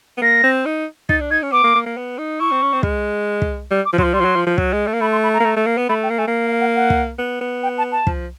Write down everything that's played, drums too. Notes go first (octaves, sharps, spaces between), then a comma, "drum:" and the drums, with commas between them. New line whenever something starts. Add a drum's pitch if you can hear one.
B3
A#3 A#6
C4
D#4
D#4 A6, drum: kick
D4
D#4 G#6
C#4
B3 D6
A#3
A#3
A#3
B3
D#4
E4 C#6
C4
C#4
C4
G#3, drum: kick
drum: kick
G3
D6
F3
F#3 C6, drum: kick
F3
G3 C6
F3
F#3
F3
F3
F#3, drum: kick
G#3
A3
A#3
A3 B5
C6
B5
A#5
A#3
A3
A3
A#3
B3
A3 B5
G5
A#3
A3 G#5
A#3
F5
F#5
F#5
drum: kick
B3
B3
G5
A5
A5
F3, drum: kick